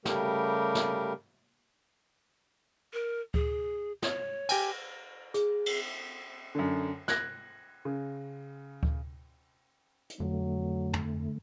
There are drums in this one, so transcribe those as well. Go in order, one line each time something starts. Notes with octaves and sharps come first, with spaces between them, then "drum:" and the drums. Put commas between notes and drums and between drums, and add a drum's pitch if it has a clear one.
C#3 G3 A3 G4 A#4, drum: snare
drum: snare
A#4
G#4, drum: kick D2
C#5, drum: snare
G4 G5 G#5, drum: cymbal
G#4, drum: hi-hat
drum: cymbal
F#2 D3
F#6 G#6 A#6, drum: snare
C#3
drum: kick D2
drum: hi-hat
F2 D3 F#3 A3
drum: tom